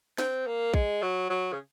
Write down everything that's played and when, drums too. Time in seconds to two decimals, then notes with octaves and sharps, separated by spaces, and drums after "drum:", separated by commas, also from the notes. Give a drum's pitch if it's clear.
0.18 C4, drum: snare
0.47 A#3
0.74 G#3, drum: kick
1.02 F#3
1.30 F#3
1.53 C#3